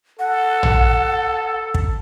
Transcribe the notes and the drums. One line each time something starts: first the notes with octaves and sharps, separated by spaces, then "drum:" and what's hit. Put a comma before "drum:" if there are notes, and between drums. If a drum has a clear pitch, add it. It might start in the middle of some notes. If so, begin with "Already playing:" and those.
A4 F#5
drum: tom
drum: kick